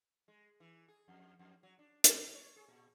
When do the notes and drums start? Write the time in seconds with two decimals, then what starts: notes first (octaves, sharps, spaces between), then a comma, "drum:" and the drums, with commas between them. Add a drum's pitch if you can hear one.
0.28 G#3
0.60 E3
0.88 G#4
1.08 F2
1.39 F2
1.63 F#3
1.79 D4
2.04 G3, drum: hi-hat
2.17 B2
2.35 C#5
2.56 G#4
2.68 A#2